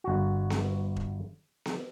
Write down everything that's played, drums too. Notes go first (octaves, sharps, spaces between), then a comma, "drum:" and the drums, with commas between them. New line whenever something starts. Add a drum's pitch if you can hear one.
G1 F#4
drum: snare B3
drum: kick E1
drum: snare B3